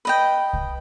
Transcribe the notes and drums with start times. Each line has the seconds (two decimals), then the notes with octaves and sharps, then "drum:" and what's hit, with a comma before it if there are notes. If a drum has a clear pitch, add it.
0.05 B4 D#5 G5
0.53 drum: kick C2